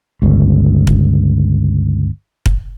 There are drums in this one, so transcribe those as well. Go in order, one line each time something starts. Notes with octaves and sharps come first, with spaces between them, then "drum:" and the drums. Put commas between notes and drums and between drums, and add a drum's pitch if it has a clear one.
G1 C#2
drum: kick
drum: kick